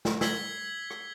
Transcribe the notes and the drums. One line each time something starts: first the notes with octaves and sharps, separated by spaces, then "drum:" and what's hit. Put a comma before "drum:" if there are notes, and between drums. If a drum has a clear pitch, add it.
drum: snare
E6 G#6 B6 C7 F#7 G7, drum: snare
drum: rim click